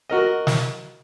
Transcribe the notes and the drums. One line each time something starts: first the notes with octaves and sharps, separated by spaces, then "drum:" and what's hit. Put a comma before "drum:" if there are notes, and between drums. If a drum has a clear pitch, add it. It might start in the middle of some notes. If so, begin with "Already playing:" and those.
F#4 A#4 D#5
drum: snare